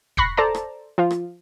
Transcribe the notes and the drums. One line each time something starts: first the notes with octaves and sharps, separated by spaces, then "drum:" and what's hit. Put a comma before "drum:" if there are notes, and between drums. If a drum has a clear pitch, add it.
B5 C#6 F#6 A#6 C7, drum: kick
A4 C5 D5 A5 A#5
drum: rim click
F3 F4
drum: rim click